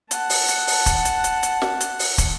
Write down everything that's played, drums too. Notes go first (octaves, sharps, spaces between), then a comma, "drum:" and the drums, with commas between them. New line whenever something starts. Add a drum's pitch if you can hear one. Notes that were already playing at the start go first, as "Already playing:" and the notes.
F#5 A5, drum: hi-hat
drum: open hi-hat
drum: hi-hat
drum: open hi-hat
drum: kick, hi-hat
drum: hi-hat
drum: hi-hat
drum: hi-hat
drum: snare
drum: hi-hat
drum: open hi-hat
drum: kick, hi-hat